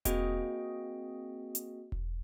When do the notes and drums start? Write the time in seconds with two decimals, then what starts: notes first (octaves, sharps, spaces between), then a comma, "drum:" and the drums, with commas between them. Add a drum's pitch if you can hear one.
0.05 A#3 C4 F#4 G#4 D#5 G5, drum: kick E1, hi-hat
1.55 drum: hi-hat
1.92 drum: kick E1